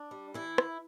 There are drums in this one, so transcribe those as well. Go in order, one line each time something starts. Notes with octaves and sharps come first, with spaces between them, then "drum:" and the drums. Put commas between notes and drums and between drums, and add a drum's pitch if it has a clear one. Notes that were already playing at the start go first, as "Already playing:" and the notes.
Already playing: D4
G3
E3 E4
drum: rim click